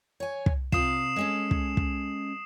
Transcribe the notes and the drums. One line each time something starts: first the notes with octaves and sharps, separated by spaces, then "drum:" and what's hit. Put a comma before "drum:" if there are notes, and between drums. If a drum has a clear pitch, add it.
C#5 G#5
drum: kick
C3 F4 D#6 C7 E7, drum: kick
G#3 C#4 A4
drum: kick
drum: kick